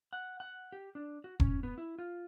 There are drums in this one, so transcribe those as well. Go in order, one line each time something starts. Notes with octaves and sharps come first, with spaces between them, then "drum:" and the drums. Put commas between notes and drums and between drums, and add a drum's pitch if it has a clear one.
F#5
F#5
G4
D4
F#4
C#4, drum: kick E1
B3
E4
F4